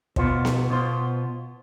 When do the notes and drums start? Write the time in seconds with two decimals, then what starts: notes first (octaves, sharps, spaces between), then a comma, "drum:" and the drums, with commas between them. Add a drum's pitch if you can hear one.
0.16 B2 B3 F4 C5, drum: kick
0.45 drum: snare B3
0.70 B2 B3 F4 C5